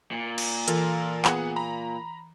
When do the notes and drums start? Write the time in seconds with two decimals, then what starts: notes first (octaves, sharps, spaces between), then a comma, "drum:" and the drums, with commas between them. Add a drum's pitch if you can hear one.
0.11 A#2
0.38 drum: cymbal
0.68 E3 F4 A4 A#4, drum: hi-hat
1.25 B3 G#4 F#5, drum: clap
1.56 A#5 B5